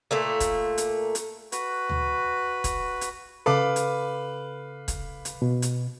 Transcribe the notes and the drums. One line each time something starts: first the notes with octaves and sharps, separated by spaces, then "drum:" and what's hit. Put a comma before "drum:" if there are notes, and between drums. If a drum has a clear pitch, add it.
A#2 A3 A#3
drum: kick, hi-hat
drum: hi-hat
drum: hi-hat
F#4 B4, drum: hi-hat
drum: tom D2
drum: kick, hi-hat
drum: hi-hat
C#3 A4 B4 F5 D6
drum: hi-hat
drum: kick, hi-hat
drum: hi-hat
B2
drum: hi-hat